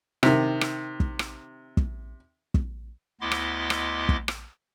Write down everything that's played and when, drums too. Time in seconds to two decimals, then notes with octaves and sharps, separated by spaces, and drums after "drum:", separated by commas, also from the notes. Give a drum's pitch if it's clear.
0.23 C3 D#3, drum: rim click
0.61 drum: rim click
1.00 drum: kick
1.19 drum: rim click
1.77 drum: kick
2.54 drum: kick
3.21 D2 B3 E4 D#5 C6 D6
3.31 drum: rim click
3.70 drum: rim click
4.09 drum: kick
4.28 drum: rim click